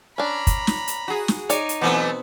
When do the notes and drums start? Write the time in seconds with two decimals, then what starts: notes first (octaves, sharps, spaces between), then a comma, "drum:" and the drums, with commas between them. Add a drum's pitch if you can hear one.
0.18 C#4 D4 A#5 B5
0.47 drum: kick, hi-hat
0.67 drum: snare
0.88 drum: hi-hat
1.08 F#4 G#4
1.28 drum: snare
1.50 D#4 C#5 D5 G#5, drum: hi-hat
1.69 drum: hi-hat
1.81 B2 E3 F#3 A3 B3 C4